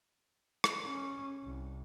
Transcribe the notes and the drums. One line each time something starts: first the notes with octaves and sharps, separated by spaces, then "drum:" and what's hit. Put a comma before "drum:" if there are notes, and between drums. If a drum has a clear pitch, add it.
drum: rim click
C#4
C2